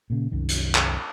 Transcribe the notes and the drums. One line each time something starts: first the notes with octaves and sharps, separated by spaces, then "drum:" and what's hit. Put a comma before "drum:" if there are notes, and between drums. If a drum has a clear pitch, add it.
A#2 C#3
C2 F#2 D#3
drum: hi-hat
drum: clap